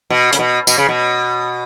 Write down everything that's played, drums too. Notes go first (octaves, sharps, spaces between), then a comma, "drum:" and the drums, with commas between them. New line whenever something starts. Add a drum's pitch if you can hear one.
B2
C#3, drum: hi-hat
B2
B2, drum: tambourine
C#3
B2